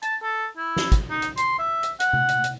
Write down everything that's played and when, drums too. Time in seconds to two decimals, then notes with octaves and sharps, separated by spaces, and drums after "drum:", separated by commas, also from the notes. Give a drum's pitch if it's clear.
0.02 A5, drum: hi-hat
0.23 A4
0.58 E4
0.76 drum: snare
0.92 drum: kick, hi-hat
1.10 D#4
1.22 drum: hi-hat
1.37 C6, drum: hi-hat
1.59 E5
1.83 drum: hi-hat
2.00 F#5, drum: hi-hat
2.13 drum: tom C3
2.29 drum: hi-hat
2.44 drum: hi-hat